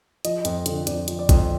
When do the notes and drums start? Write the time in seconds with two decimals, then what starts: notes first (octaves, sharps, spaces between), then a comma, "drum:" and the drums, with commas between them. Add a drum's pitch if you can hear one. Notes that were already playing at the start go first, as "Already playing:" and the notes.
0.25 F3 D#5, drum: hi-hat
0.45 F2, drum: hi-hat
0.66 D3, drum: hi-hat
0.87 F2 D5, drum: hi-hat
1.08 F3, drum: hi-hat
1.19 D5
1.29 F2, drum: kick A#1, hi-hat